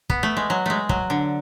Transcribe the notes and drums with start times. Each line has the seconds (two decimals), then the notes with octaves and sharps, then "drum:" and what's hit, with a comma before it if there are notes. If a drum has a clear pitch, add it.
0.10 B3, drum: kick
0.23 A3
0.37 G#3
0.50 F#3
0.66 G#3 A3
0.89 F#3, drum: kick
1.10 D3